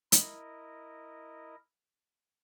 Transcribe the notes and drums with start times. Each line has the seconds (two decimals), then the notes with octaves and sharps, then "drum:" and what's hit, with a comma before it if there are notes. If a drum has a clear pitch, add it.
0.12 E4 A#4 D#5, drum: hi-hat